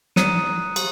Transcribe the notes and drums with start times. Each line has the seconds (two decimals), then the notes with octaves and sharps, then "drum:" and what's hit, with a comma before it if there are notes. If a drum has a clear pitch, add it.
0.16 A#5 D#6 F#6 C#7 D#7, drum: snare
0.76 drum: cymbal